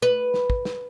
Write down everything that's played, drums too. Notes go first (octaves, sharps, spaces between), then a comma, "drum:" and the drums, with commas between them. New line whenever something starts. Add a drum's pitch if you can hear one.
B4
drum: snare
drum: kick
drum: snare